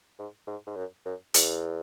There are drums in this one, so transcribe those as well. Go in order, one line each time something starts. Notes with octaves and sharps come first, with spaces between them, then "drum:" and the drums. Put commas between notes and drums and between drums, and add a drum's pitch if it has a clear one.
G#2
G#2
G#2
F#2
F#2
E2, drum: hi-hat